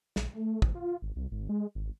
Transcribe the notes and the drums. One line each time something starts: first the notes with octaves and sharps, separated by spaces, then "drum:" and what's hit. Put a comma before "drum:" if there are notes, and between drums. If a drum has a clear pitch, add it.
A#1, drum: snare
A3
F#1, drum: kick
F4
G#1
C2
G#1
G#3
G#1